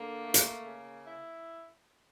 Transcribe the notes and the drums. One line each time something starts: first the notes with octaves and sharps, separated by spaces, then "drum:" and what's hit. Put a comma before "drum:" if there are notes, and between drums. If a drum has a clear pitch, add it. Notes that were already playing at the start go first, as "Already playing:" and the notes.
Already playing: D3 A#3
A3
drum: hi-hat
C#3
E4